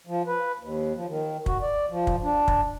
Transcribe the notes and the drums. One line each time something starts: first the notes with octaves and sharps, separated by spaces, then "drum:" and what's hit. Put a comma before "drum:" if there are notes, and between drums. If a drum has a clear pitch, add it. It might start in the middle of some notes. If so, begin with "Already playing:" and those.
F3
B4
D#2
F3
D#3
F#4, drum: kick
D5
F3
drum: kick
D4
drum: kick